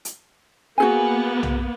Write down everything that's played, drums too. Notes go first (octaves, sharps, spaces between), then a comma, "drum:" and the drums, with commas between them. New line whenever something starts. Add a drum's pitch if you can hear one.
drum: hi-hat
A#3 B3 F#4 G#4 G#5
drum: tom B1